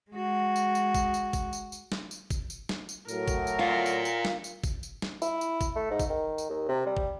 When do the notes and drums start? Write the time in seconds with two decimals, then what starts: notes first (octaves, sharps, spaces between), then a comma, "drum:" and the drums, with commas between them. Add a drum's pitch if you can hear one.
0.11 G#3 F#4
0.56 drum: tambourine
0.75 drum: tambourine
0.94 drum: kick G1, tambourine
1.14 drum: tambourine
1.33 drum: kick G1, tambourine
1.53 drum: tambourine
1.72 drum: tambourine
1.92 drum: snare
2.11 drum: tambourine
2.30 drum: kick G1, tambourine
2.50 drum: tambourine
2.69 drum: snare
2.89 drum: tambourine
3.08 A2 F#3 A#4, drum: tambourine
3.28 drum: kick G1, tambourine
3.47 drum: tambourine
3.59 F4 D5 F5
3.86 drum: tambourine
4.05 drum: tambourine
4.25 drum: snare
4.44 drum: tambourine
4.64 drum: kick G1, tambourine
4.83 drum: tambourine
5.02 drum: snare
5.22 E4, drum: tambourine
5.41 drum: tambourine
5.61 drum: kick G1, tambourine
5.75 A3
5.90 G#2
5.99 drum: kick G1, tambourine
6.09 D#3
6.38 drum: tambourine
6.49 D#2
6.69 C3
6.86 G3
6.97 drum: kick G1